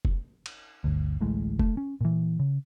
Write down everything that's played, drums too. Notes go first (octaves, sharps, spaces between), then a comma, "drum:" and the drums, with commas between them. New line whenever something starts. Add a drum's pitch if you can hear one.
drum: kick F1
drum: cymbal
G1 D2
D1 A1 A2 G#3
A3, drum: kick F1
C#4
A#2 E3
C#3